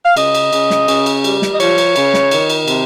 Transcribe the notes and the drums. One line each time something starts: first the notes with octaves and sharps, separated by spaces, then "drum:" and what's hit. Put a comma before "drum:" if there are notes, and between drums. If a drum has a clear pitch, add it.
F5
C#3 D#5, drum: cymbal
drum: cymbal
C#3, drum: cymbal
drum: snare
C#3, drum: cymbal
drum: cymbal
G3, drum: cymbal
drum: snare
D#5
F3 C#5, drum: cymbal
drum: cymbal
C#3, drum: cymbal
drum: snare
D#3, drum: cymbal
drum: cymbal
C3, drum: cymbal